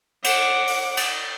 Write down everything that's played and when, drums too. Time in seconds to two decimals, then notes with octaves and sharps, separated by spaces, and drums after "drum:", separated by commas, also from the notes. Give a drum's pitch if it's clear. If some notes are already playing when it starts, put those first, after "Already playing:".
0.24 F#5 D6, drum: cymbal
0.67 drum: open hi-hat
0.97 drum: cymbal